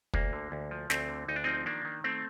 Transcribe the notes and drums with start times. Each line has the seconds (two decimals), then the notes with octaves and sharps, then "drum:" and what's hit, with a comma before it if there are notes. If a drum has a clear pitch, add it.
0.14 D2 A#3, drum: kick
0.33 D3
0.52 D2
0.71 F3
0.90 D2 A3 C4, drum: snare
1.09 D3
1.28 D2 D#4
1.36 D4
1.44 F3 C4 D#4
1.66 D#3 A#3 D4
1.85 D#3
2.04 A3 C4